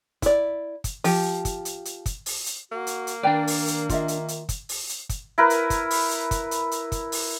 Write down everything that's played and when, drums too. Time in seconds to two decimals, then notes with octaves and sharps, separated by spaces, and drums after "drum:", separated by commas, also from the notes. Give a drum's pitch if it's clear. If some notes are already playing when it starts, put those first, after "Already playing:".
0.22 E4 D5, drum: kick, hi-hat
0.84 drum: kick, hi-hat
1.04 F3 G4, drum: open hi-hat
1.45 drum: kick, hi-hat
1.65 drum: hi-hat
1.85 drum: hi-hat
2.06 drum: kick, hi-hat
2.26 drum: open hi-hat
2.46 drum: hi-hat
2.72 A#3 F#4
2.87 drum: hi-hat
3.07 drum: hi-hat
3.23 D#3 D4 B4 D5 G5 A#5
3.47 drum: open hi-hat
3.68 drum: hi-hat
3.89 F4 D#5 E5, drum: kick, hi-hat
4.08 drum: hi-hat
4.28 drum: hi-hat
4.49 drum: kick, hi-hat
4.69 drum: open hi-hat
4.89 drum: hi-hat
5.09 drum: kick, hi-hat
5.38 E4 A#4 B4
5.50 drum: hi-hat
5.70 drum: kick, hi-hat
5.90 drum: open hi-hat
6.11 drum: hi-hat
6.31 drum: kick, hi-hat
6.51 drum: hi-hat
6.71 drum: hi-hat
6.92 drum: kick, hi-hat
7.12 drum: open hi-hat